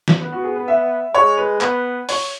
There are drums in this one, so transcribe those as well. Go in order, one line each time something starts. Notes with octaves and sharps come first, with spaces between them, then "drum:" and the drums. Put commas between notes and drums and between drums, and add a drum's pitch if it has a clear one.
drum: snare
B3 B4
F#4
G#4
B4
E5
G#3 C#5
B4
B3 B4, drum: clap
C#5, drum: open hi-hat